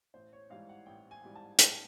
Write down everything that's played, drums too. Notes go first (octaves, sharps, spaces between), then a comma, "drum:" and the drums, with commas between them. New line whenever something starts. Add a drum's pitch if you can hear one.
A1 C5
C#5
G#2 E3 G3 F5
F#5
A1 G5
G#5
G#2 E3 G3
A5
A1 G5, drum: hi-hat